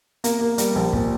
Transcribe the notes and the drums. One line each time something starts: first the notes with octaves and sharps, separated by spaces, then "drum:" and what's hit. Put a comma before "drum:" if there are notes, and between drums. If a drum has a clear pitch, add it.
A#3, drum: hi-hat
A#3
G3, drum: hi-hat
A#1
A#2, drum: kick